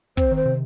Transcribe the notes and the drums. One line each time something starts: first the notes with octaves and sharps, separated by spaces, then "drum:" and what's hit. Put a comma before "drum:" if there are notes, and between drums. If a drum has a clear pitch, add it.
C4 C5, drum: kick
D#3 C5
C3